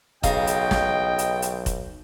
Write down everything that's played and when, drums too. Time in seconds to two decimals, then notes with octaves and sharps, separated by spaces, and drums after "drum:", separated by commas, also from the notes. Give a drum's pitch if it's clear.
0.23 B1 C#3 D#5 F5 G5 A#5, drum: kick F1, hi-hat
0.47 drum: hi-hat
0.71 drum: snare
1.18 drum: hi-hat
1.42 drum: hi-hat
1.66 drum: kick F1, hi-hat